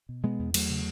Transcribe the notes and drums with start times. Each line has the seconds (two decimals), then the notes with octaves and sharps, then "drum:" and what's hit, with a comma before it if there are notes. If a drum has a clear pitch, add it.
0.09 B2
0.23 B2 G#3 B3
0.39 E2
0.54 E2 F#3 A3, drum: cymbal
0.70 C#3